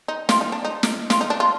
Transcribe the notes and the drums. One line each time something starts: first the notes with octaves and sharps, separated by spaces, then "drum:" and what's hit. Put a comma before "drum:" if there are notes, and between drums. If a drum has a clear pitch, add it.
D#4
F4, drum: snare
D#4
D4
D#4
drum: snare
F4, drum: snare
D#4
D4
F4